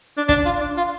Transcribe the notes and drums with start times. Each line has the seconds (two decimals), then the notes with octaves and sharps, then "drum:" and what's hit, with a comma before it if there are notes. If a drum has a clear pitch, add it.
0.18 D4
0.29 D4, drum: kick, hi-hat
0.46 F4
0.61 D4
0.77 F4